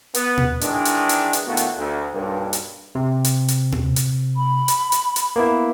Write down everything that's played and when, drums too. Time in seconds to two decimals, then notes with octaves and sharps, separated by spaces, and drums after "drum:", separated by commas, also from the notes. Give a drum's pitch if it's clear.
0.15 B3, drum: hi-hat
0.37 drum: tom A#2
0.61 D#3 E3 G#3 D4, drum: hi-hat
0.85 drum: hi-hat
1.09 drum: hi-hat
1.33 drum: hi-hat
1.47 A#2 D#3 A3 B3 F4 F#4
1.57 drum: hi-hat
1.76 D2
2.13 B1 G2 A#2
2.53 drum: hi-hat
2.95 C3
3.24 drum: hi-hat
3.48 drum: hi-hat
3.72 drum: tom A#2
3.96 drum: hi-hat
4.37 B5
4.68 drum: hi-hat
4.92 drum: hi-hat
5.16 drum: hi-hat
5.36 A#3 B3 E4